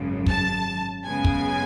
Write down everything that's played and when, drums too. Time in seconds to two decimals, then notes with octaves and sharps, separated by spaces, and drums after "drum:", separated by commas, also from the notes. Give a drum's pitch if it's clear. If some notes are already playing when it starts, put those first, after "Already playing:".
Already playing: G#1 F#2 C#3
0.26 A5, drum: kick
1.05 F#2 C#3 G#3 B3 G#5
1.25 drum: kick